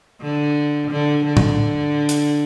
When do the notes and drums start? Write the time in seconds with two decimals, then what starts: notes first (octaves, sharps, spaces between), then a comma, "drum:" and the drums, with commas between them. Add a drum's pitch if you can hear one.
0.22 D3
0.91 D3
1.25 D3
1.37 drum: tom A2
2.09 drum: hi-hat